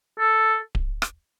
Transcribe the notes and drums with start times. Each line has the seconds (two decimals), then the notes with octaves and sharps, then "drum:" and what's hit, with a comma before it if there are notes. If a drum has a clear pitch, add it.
0.20 A4
0.75 drum: kick D1
1.02 drum: rim click